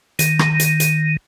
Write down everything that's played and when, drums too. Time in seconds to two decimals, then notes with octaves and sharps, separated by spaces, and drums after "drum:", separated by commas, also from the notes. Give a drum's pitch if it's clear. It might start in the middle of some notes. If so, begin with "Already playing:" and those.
0.19 D#3, drum: hi-hat
0.39 drum: rim click
0.60 drum: hi-hat
0.80 drum: hi-hat